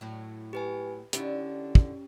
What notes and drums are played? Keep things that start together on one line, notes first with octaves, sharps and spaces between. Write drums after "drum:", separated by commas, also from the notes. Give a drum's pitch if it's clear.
A2 F#3
G4 B4 G#5
D3 C#4 D#4 E4 G4, drum: hi-hat
drum: kick